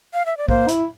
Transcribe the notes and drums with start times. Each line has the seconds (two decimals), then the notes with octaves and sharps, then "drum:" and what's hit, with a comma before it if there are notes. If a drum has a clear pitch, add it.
0.14 F5
0.26 E5
0.37 D5
0.48 A#3 C5, drum: kick
0.68 E4, drum: hi-hat